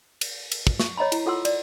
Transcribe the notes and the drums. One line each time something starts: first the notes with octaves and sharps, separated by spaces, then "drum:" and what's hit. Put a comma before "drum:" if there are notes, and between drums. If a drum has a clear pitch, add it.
drum: cymbal
drum: cymbal
drum: kick
C#6, drum: snare
C#5 D#5 A#5 B5
E4, drum: cymbal
F4 A4 F#5 C6 E6
D5, drum: cymbal